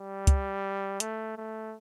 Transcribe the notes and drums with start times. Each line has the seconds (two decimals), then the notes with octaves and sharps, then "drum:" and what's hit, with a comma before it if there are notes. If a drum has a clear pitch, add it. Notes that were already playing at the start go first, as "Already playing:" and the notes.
Already playing: G3
0.27 drum: kick, hi-hat
1.00 A3, drum: hi-hat
1.37 A3